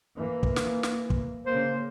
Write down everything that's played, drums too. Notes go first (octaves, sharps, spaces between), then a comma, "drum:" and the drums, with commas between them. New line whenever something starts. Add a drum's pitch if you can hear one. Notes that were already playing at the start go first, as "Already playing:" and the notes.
E3 A#3
drum: kick
drum: snare
drum: snare
drum: kick
C#3 A#3 C5